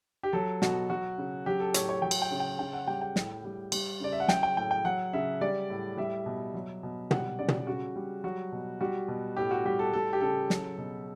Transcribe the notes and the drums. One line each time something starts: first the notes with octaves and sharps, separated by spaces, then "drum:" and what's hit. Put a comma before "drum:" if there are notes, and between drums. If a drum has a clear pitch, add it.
G4
F#3 A4
B2 F#4, drum: snare
F#3 F#4
C#3
F#3 G4
A4
A2 C#5, drum: hi-hat
C#5
F#3 G5
drum: cymbal
G5
C#3
G5
C#3 G5
F#5
G3 G5
G5
A2, drum: snare
G3
G3, drum: cymbal
C#3 D5
E5
F#5
F#3 G5, drum: snare
G5
A2 G5
G5
F#3 F#5
C#3 E5
G3 D5
A2
G3 E5
B2
F#3
B2
G3 F#5, drum: tom
C#3 D5
drum: tom
C#3 F#4
G3
F#3 F#4
B2
G3 F#4
B2
A2 G4
F#4
G3 G4
A4
G3 A4
G4
C#3 A4
F#3, drum: snare
B2